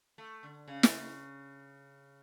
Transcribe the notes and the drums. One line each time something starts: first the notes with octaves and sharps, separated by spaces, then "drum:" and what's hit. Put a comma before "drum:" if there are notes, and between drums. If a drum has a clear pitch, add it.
A3
D3
C#3
drum: snare